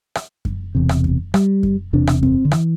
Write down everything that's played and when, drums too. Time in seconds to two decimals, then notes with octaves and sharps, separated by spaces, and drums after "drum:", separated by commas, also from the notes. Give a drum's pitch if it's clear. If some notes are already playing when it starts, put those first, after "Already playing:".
0.15 drum: rim click
0.45 drum: kick F#2
0.75 E1 E2 C3
0.89 drum: rim click
1.04 drum: kick F#2
1.34 G3, drum: rim click
1.63 drum: kick F#2
1.93 E1 E2 C3 D4
2.07 drum: rim click
2.23 C4, drum: kick F#2
2.45 D3
2.51 E3, drum: rim click